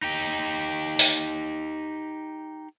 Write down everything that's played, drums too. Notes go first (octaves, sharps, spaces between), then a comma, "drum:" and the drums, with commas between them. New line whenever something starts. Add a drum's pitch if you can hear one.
D#4 G4
drum: open hi-hat